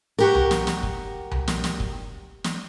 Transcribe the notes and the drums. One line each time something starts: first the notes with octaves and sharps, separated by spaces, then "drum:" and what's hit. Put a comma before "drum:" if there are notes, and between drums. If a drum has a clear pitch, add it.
F#4 G4 A#4
drum: tom C2
drum: snare
drum: snare
drum: kick
drum: tom C2
drum: snare
drum: snare
drum: kick
drum: snare